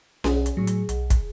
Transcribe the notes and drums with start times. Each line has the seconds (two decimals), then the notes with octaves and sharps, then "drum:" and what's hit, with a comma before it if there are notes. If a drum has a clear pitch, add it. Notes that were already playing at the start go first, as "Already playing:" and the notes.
0.24 B1 G#4, drum: snare C#4
0.46 drum: hi-hat
0.57 A2 F#3
0.67 drum: hi-hat
0.89 B1, drum: hi-hat
1.10 drum: kick, hi-hat